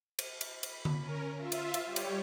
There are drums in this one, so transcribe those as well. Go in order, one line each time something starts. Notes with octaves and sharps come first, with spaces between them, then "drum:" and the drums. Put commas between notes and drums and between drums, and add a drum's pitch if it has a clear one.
drum: cymbal
drum: cymbal
B5, drum: cymbal
drum: tom D3
C#4 A#4
F4 E5
drum: cymbal
drum: cymbal
G3 G4 C#5
drum: cymbal